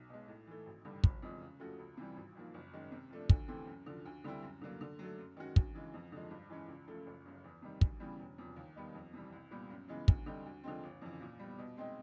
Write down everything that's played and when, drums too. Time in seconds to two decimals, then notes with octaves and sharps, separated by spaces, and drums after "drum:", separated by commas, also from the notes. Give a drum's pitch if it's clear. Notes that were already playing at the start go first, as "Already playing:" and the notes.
Already playing: B1
0.09 B2 G#3
0.28 A2
0.47 E3 A3
0.66 G#1
0.85 G2 D3 G3
1.04 F1, drum: kick
1.22 E2 C3 F3 G#3
1.41 C#3
1.60 F3 A3 C#4 F#4
1.79 C#2
1.97 C3 E3 G3
2.16 G#1
2.35 G#2 F3 A#3
2.54 F#1
2.73 F#2 D#3 G#3
2.92 C3
3.11 F3 A3 D4
3.29 D2, drum: kick
3.48 C3 E3 A3 C4
3.67 F#2
3.86 D3 F3
4.05 D2
4.24 D3 G3 C4 E4
4.43 F#2
4.61 D3 F#3 A#3
4.81 D3
4.99 F#3 A3
5.18 F#2
5.37 D#3 G#3 C#4 F#4
5.56 D2, drum: kick
5.75 C#3 E3 G#3
5.94 F2
6.12 D3 F3 G#3
6.31 G2
6.50 E3 G#3 C#4
6.68 C#2
6.87 C#3 F3 A3
7.06 F#1
7.26 F#2 C#3
7.44 E2
7.62 C3 D#3 G3
7.81 D2, drum: kick
8.00 C#3 E3 G3 B3
8.19 E1
8.38 E2 C3 F3
8.56 D#2
8.76 D#3 G3 B3 D#4
8.95 F2
9.13 C3 E3 G3
9.32 C2
9.51 A#2 G3 B3
9.70 F#2
9.88 C#3 E3 G#3 B3
10.08 D2, drum: kick
10.26 D3 G3 C4 D#4
10.46 D2
10.64 D3 F3 G#3 C4
10.83 G1
11.02 F2 C#3 E3
11.21 A#2
11.39 G3 B3
11.58 B2
11.77 G#3 C4 D#4